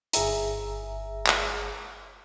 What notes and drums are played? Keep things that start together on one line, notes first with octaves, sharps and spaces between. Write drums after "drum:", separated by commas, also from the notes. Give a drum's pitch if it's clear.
G1 G#4 E5 A#5, drum: hi-hat
drum: clap